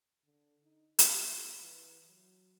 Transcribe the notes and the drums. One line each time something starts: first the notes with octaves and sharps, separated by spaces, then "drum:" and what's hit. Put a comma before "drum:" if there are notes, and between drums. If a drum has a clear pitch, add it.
D3
D#4
A4, drum: hi-hat
F4
E3
F#3